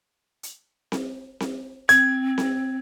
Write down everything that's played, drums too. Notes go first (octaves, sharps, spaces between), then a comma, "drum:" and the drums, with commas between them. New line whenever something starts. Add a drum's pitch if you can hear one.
drum: hi-hat
drum: snare C4
drum: snare C4
C4 G#6, drum: hi-hat
drum: snare C4